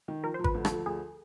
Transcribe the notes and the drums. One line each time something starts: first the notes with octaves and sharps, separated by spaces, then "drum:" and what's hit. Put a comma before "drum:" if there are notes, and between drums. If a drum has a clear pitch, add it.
D#3
F3 A#4
C5
F3
B4, drum: kick G#1
D2
A4, drum: rim click
F3
D2 G#4